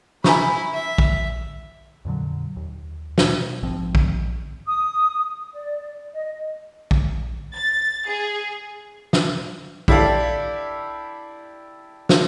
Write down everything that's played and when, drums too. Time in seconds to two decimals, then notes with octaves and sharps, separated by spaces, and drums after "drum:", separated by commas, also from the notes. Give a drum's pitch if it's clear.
0.24 E4 G#5 A#5 B5 C#6, drum: snare
0.73 E5
0.98 drum: kick
2.05 F2 A#2 D3 F#3
2.57 D#2
3.18 B2, drum: snare
3.63 A#1 G#2 F3 C4
3.95 drum: kick
4.68 D#6
5.53 D5
6.13 D#5
6.91 drum: kick
7.54 A6
8.08 G#4
9.13 drum: snare
9.88 D4 E4 G4 A4 D5 F5, drum: kick
12.09 drum: snare